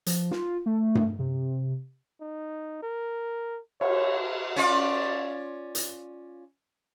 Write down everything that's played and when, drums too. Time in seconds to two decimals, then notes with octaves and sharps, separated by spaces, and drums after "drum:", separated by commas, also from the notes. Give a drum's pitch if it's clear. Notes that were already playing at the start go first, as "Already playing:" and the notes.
0.06 F3, drum: hi-hat
0.31 F4, drum: snare
0.66 A3
0.95 drum: tom G2
1.19 C3
2.21 D#4
2.83 A#4
3.81 C#5, drum: cymbal
4.56 C#4 F4 D5
5.75 drum: hi-hat